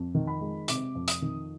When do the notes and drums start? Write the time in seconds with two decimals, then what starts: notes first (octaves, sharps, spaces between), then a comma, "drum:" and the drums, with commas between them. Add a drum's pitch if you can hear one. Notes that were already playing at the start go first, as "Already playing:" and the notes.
Already playing: F2
0.15 D#3
0.27 B5
0.41 G#3
0.68 C3 D6, drum: hi-hat
0.95 F2
1.08 D#6, drum: hi-hat
1.22 D#3